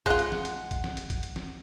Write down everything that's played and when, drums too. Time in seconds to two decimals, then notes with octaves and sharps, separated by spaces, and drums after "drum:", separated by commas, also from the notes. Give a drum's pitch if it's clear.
0.06 G#3 F4 F#5, drum: kick A1
0.19 drum: hi-hat
0.32 drum: snare E3
0.45 drum: hi-hat
0.71 drum: kick A1, hi-hat
0.84 drum: snare E3
0.97 drum: hi-hat
1.10 drum: kick A1, hi-hat
1.23 drum: hi-hat
1.36 drum: snare E3